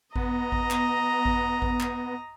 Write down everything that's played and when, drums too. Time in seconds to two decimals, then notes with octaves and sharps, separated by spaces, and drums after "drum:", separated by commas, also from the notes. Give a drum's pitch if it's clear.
0.16 B3 D#5 A#5, drum: kick G#1
0.52 drum: kick G#1
0.70 drum: clap
1.25 drum: kick G#1
1.62 drum: kick G#1
1.80 drum: clap